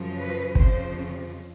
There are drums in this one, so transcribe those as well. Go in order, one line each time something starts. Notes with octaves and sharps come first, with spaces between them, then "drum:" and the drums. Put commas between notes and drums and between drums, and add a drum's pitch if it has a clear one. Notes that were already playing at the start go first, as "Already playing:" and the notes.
Already playing: F#2 C#3 F3
B4
F2 C#3 F3 C5, drum: kick